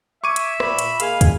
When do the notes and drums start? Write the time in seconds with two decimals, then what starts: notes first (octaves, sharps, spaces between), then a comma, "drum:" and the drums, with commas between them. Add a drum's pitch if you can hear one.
0.24 E5 C#6 D6 G#6 D#7
0.36 drum: hi-hat
0.60 A#2 B5, drum: rim click
0.79 drum: hi-hat
1.00 G#3 A#3 F5 G#5, drum: hi-hat
1.21 drum: kick, hi-hat